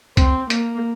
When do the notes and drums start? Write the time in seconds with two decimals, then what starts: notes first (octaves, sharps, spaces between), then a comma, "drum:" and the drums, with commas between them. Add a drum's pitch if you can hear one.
0.17 C4, drum: kick C2, hi-hat
0.50 A#3, drum: hi-hat